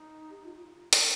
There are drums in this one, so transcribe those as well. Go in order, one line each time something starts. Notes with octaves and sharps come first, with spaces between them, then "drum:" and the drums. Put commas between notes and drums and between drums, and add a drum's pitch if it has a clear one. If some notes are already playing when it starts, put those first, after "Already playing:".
Already playing: D#4
G4
F4
F4
drum: hi-hat